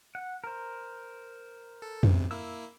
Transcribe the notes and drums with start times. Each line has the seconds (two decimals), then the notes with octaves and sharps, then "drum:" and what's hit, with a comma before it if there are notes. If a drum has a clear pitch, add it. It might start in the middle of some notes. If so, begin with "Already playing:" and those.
0.15 F#5
0.44 A#4 C5
1.82 A4
2.03 B1 E2 C3, drum: tom F2
2.31 A#3 E4 E6